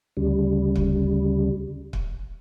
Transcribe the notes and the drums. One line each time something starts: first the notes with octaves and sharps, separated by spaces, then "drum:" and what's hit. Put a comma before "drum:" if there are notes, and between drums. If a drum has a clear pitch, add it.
D2 C#3 G3
drum: kick
drum: kick